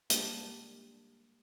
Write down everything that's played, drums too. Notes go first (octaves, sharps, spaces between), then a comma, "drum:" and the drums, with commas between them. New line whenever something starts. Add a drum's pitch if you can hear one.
G3 G#3 A#3 D4, drum: hi-hat